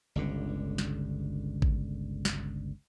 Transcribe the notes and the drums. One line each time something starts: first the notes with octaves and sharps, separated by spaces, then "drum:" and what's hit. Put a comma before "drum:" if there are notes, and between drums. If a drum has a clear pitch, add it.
G1 C#2 D3
drum: snare
drum: kick G#1
drum: snare